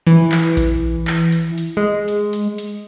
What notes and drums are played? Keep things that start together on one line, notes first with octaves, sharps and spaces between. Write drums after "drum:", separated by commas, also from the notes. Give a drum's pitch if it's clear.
E3, drum: hi-hat
drum: clap
drum: kick A#1, hi-hat
drum: clap
drum: hi-hat
drum: hi-hat
G#3
drum: hi-hat
drum: hi-hat
drum: hi-hat